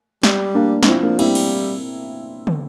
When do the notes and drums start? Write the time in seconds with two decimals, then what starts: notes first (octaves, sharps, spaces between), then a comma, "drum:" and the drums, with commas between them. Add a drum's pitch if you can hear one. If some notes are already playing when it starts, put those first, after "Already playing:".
0.23 G3, drum: snare
0.55 A#3 D4
0.83 D4, drum: snare
0.87 F3 C4 E4
1.02 A#3 D4
1.19 G3 C4 E4, drum: cymbal
1.35 drum: cymbal
2.47 drum: tom